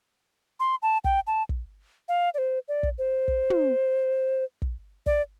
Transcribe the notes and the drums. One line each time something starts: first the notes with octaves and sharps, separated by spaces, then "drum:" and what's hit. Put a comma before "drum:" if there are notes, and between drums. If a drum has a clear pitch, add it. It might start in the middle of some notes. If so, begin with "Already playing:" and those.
C6
A5
G5, drum: kick
A5
drum: kick
F5
D5
C5
D5
drum: kick
C5
drum: kick
drum: tom
drum: kick
D5, drum: kick